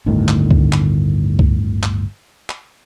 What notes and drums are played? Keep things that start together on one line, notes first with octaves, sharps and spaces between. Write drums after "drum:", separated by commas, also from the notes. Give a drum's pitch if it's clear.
G1 D2 A2 D#3
drum: clap
drum: kick C#2
drum: clap
drum: kick C#2
drum: clap
drum: clap